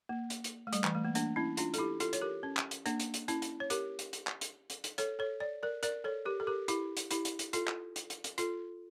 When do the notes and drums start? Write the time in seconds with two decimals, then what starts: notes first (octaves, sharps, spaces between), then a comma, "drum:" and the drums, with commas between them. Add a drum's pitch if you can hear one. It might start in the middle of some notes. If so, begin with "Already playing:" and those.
0.09 A#3
0.30 drum: hi-hat
0.44 drum: hi-hat
0.67 A3
0.73 G3, drum: hi-hat
0.84 E3, drum: clap
0.95 A3
1.05 A#3
1.15 A#3 D4, drum: hi-hat
1.36 C#4 E4
1.57 D4 F4, drum: hi-hat
1.74 A4, drum: hi-hat
1.78 E4 G4
2.00 F4 A4, drum: hi-hat
2.13 C#5, drum: hi-hat
2.21 G4 A#4
2.43 C#4
2.57 drum: clap
2.71 drum: hi-hat
2.86 A#3 D4, drum: hi-hat
3.00 drum: hi-hat
3.14 drum: hi-hat
3.28 C#4 E4, drum: hi-hat
3.42 drum: hi-hat
3.60 C#5
3.70 G4 A#4, drum: hi-hat
3.99 drum: hi-hat
4.13 drum: hi-hat
4.27 drum: clap
4.41 drum: hi-hat
4.70 drum: hi-hat
4.84 drum: hi-hat
4.98 A4 C#5, drum: hi-hat
5.19 A4 C#5
5.40 D5
5.63 A#4 D5
5.83 A#4 D5, drum: hi-hat
6.04 A4 C#5
6.25 G4 A#4
6.40 A4
6.47 G4 A#4
6.68 E4 G4, drum: hi-hat
6.97 drum: hi-hat
7.11 E4 G4, drum: hi-hat
7.25 drum: hi-hat
7.39 drum: hi-hat
7.53 F4 A4, drum: hi-hat
7.68 drum: clap
7.96 drum: hi-hat
8.10 drum: hi-hat
8.24 drum: hi-hat
8.38 F4 A4, drum: hi-hat